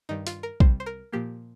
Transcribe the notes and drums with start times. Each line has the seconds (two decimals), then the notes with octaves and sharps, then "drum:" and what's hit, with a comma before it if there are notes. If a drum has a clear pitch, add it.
0.09 G2 D#3 G3 D#4
0.27 F4, drum: hi-hat
0.43 A#4
0.60 C2 C3 G3 C5, drum: kick A#1
0.80 C5
0.86 A#4
1.12 A#2 F3 A#3 G4